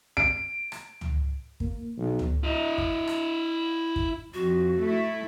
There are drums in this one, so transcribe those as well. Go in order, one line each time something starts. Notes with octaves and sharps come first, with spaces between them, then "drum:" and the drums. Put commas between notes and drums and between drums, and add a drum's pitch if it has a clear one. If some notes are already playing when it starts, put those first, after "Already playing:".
D7
drum: rim click
drum: tom C#2
A#3, drum: kick
B1
drum: tom C#2
E4 D#5
drum: kick
drum: rim click
drum: kick
F2 F#4
A3 E4